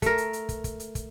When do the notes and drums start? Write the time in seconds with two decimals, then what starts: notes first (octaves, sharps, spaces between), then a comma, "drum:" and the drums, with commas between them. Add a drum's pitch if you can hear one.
0.02 A3 A#4, drum: kick, hi-hat
0.18 drum: hi-hat
0.33 drum: hi-hat
0.49 drum: kick, hi-hat
0.64 drum: kick, hi-hat
0.80 drum: hi-hat
0.95 drum: kick, hi-hat